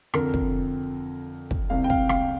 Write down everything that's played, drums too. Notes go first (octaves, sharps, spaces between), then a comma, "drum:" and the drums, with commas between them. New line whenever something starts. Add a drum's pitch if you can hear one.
F2 D3 A#4, drum: rim click
drum: kick
drum: kick
C2 C3 F5
G5
F5, drum: kick
F5, drum: rim click